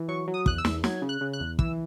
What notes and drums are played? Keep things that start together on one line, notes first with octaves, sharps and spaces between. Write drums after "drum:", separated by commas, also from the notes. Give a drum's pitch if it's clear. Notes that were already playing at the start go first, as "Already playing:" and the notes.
Already playing: E3
F#3 C#6
F#3
D#6
E2 F#6, drum: kick
E6
E2, drum: snare
F#3 G#6, drum: snare
C#3
F#6
C#3
F#6
E2
E3 E6, drum: kick